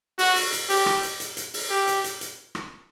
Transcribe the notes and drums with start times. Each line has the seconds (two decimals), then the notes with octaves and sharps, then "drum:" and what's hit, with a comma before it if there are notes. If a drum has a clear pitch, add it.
0.19 F#4, drum: open hi-hat
0.36 drum: open hi-hat
0.52 drum: hi-hat
0.69 G4, drum: open hi-hat
0.86 drum: rim click
1.03 drum: hi-hat
1.20 drum: hi-hat
1.37 drum: hi-hat
1.54 drum: open hi-hat
1.70 G4
1.87 drum: hi-hat
2.04 drum: hi-hat
2.21 drum: hi-hat
2.55 drum: rim click